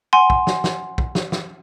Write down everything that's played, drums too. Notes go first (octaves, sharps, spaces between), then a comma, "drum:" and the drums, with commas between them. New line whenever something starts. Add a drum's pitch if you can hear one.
F#5 G#5 C6
drum: kick
drum: snare
drum: snare
drum: kick
drum: snare
drum: snare